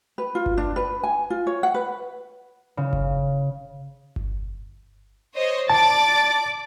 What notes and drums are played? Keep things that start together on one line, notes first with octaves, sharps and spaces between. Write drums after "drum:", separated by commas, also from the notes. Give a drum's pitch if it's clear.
B4
F4
drum: kick G1
D4
B4
G#5
F4
C#5
F#5
B4
C#3
drum: kick G1
drum: kick G1
C5 C#5 D#5
D5 A5 D6 A6